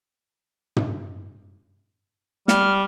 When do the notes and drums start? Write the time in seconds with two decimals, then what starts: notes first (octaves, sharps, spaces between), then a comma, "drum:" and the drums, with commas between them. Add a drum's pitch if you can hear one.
0.76 drum: tom
2.48 G3 F6, drum: snare